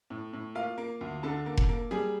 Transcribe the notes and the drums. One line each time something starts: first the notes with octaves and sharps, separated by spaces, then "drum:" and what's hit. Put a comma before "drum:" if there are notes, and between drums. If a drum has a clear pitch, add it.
A2
A2
A#3 F4 F5
A#3
D2
D3 A4 A5
A#3
drum: kick F1
A#3
G3 G#4 G#5